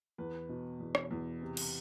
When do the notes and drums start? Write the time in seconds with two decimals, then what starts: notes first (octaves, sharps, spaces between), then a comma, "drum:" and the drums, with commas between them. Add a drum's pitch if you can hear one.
0.18 E2 B4
0.49 B2
0.80 E2
0.95 drum: rim click
1.11 E2
1.42 C3
1.57 drum: cymbal